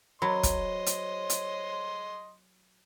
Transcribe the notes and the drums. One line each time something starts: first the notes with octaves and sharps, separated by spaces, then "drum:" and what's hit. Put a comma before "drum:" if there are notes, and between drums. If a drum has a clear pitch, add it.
F#3 A#4 C5 C#5 D#5 B5 C6
drum: kick, hi-hat
drum: hi-hat
drum: hi-hat